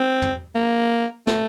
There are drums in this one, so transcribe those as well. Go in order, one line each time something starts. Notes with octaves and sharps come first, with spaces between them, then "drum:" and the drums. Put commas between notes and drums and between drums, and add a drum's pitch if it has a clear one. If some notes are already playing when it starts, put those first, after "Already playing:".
Already playing: C4
drum: tom
A#3
A3, drum: snare